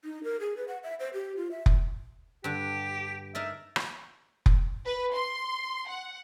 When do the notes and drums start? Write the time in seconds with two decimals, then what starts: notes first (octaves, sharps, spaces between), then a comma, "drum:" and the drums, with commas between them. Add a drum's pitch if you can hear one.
0.05 D#4
0.24 A#4
0.40 G#4
0.57 B4
0.68 F#5
0.84 E5
1.00 C5
1.14 G4
1.37 F4
1.51 E5
1.66 drum: kick F1
2.44 G2 D3 G4
3.35 D#4 A#4 D5 E5
3.76 drum: rim click
4.46 drum: kick F1
4.86 B4
5.16 C6
5.89 F#5